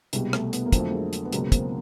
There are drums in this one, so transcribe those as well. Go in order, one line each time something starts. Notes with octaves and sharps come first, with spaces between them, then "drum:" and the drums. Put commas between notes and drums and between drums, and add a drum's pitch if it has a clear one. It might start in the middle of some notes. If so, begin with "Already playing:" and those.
C2 B2 G3 G#3, drum: hi-hat
A3, drum: rim click
B3, drum: hi-hat
A#3
F2 D3 F#3, drum: kick, hi-hat
A3
G#3 A#3
drum: hi-hat
B3
C#2 B2 F#3 G#3 A#3, drum: hi-hat
A#3 C4, drum: kick, hi-hat